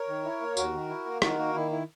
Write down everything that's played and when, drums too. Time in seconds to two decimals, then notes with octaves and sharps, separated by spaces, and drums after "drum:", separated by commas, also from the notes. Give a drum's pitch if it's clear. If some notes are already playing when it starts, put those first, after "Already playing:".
Already playing: A#4 C#5
0.08 D#3
0.24 E4
0.41 A#3
0.57 D#2 F#4 A#4, drum: tambourine
0.73 D#3
0.89 E4
1.05 A#3
1.22 D#3 F#4 A#4, drum: rim click
1.39 A#3
1.55 D#3 E4
1.71 E4